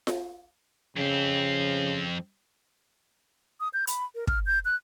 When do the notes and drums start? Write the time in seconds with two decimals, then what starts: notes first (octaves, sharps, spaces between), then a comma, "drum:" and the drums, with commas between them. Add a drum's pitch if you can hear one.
0.07 drum: snare F4
0.97 F2 C#3 C4
3.60 D#6
3.73 G6
3.87 B5, drum: hi-hat
4.15 A#4
4.27 F6, drum: kick
4.46 G6
4.65 F#6